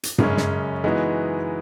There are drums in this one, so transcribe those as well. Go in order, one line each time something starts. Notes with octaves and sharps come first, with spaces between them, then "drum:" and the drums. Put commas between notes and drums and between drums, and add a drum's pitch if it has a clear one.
drum: hi-hat
F#2 C#3 G#3 C#4, drum: tom G2
drum: snare
E3 G#3 B3 D#4 F#4